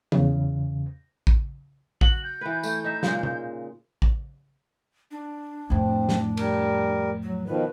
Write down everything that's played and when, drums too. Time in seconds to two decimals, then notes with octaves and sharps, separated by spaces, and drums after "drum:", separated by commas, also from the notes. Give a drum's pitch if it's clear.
0.12 E2 C#3, drum: tom
1.27 drum: kick
2.01 F#4 F#7, drum: kick
2.24 G6
2.41 E3 B4
2.63 A3, drum: tambourine
2.84 D#4 E5
3.03 A#2 C#3 G#3, drum: snare
3.23 drum: tom B2
4.02 drum: kick
5.11 D4
5.70 F2 A2 C4
6.09 drum: snare
6.37 G3 A#4, drum: cymbal
7.23 F#3
7.46 B2 D#3 F3 B4